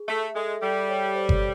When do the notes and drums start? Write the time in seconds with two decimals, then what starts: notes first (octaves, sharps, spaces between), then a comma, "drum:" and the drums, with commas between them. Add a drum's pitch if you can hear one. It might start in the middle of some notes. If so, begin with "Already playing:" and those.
Already playing: G#4
0.09 A3 E5
0.35 G#3 A4
0.62 G3 A4
0.89 C#5
1.15 C5
1.29 drum: kick G1